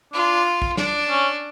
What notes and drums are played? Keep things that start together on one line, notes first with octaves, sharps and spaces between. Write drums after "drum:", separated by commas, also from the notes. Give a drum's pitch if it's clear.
D4 F4
drum: kick A#1
D4, drum: snare
C#4